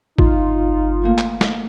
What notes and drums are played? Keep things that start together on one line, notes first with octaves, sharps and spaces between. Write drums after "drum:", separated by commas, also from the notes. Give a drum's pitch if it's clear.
G1 D#4 F4, drum: kick G#1
E2 A3 A#3
drum: clap
drum: snare